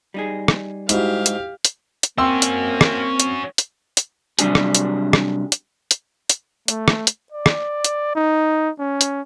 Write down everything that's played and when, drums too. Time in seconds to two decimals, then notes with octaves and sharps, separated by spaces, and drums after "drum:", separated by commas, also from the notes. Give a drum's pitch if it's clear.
0.14 G3 D#4 G#4
0.48 drum: rim click
0.89 G#2 E4 F#4 G4 F5, drum: hi-hat
1.26 drum: hi-hat
1.65 drum: hi-hat
2.03 drum: hi-hat
2.18 A#3 C4 C#4 F#4 G5 C6 E6
2.42 drum: hi-hat
2.81 drum: rim click
3.20 drum: hi-hat
3.58 drum: hi-hat
3.97 drum: hi-hat
4.39 C3 F#3 G3 D4 G4 G#4, drum: hi-hat
4.55 drum: rim click
4.75 drum: hi-hat
5.13 drum: rim click
5.52 drum: hi-hat
5.91 drum: hi-hat
6.30 drum: hi-hat
6.68 A3, drum: hi-hat
6.88 drum: rim click
7.07 drum: hi-hat
7.33 D5
7.46 drum: rim click
7.85 drum: hi-hat
8.16 D#4
8.79 C#4
9.01 drum: hi-hat